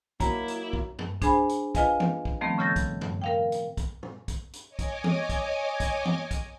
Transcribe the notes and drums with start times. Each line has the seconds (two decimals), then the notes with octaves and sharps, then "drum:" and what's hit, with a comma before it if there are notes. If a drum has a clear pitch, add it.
0.20 F#3 A#3 D#4 E4 A#5, drum: kick, hi-hat
0.48 drum: hi-hat
0.73 drum: kick
0.99 drum: tom F#2
1.22 D4 G#4 C5 G#5 B5, drum: kick, hi-hat
1.49 drum: hi-hat
1.75 F4 B4 D#5 F5 G#5, drum: kick, hi-hat
2.00 drum: tom E3
2.25 drum: kick
2.41 D#3 F3 G3 A3 B3 C4
2.58 A2 C#3 E6 G6 A6 A#6
2.76 drum: kick, hi-hat
3.01 drum: tom F#2
3.22 A#4 F5 G5
3.52 drum: hi-hat
3.77 drum: kick, hi-hat
4.03 drum: tom
4.28 drum: kick, hi-hat
4.53 drum: hi-hat
4.68 C#5 D#5 G#5 D6
4.79 drum: kick, hi-hat
5.04 drum: tom E3
5.29 drum: kick, hi-hat
5.80 drum: kick, hi-hat
6.05 drum: tom E3
6.31 drum: kick, hi-hat